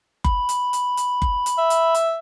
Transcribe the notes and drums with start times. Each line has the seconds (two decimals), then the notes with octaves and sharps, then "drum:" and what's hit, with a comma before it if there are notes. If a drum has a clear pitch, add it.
0.24 B5, drum: kick F#1
0.49 drum: hi-hat
0.73 drum: hi-hat
0.97 drum: hi-hat
1.22 drum: kick F#1
1.46 drum: hi-hat
1.58 E5
1.70 drum: hi-hat
1.95 drum: hi-hat